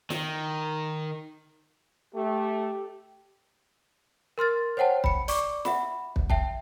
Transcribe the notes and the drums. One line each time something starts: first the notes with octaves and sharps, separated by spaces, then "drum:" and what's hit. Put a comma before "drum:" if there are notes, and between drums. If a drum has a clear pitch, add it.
D#3, drum: snare
A3 G4
A#4 C6 F6 A6
C5 C#5 F#5 G5 A5
B5 C#7, drum: kick
D5 C#6 D6, drum: hi-hat
E5 F#5 B5, drum: snare
drum: kick
E5 G5 A5, drum: kick